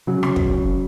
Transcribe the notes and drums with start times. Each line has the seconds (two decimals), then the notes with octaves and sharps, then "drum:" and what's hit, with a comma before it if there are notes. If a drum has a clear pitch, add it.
0.07 C#3 F#3
0.23 C#3, drum: rim click
0.36 C#2, drum: kick
0.51 C#3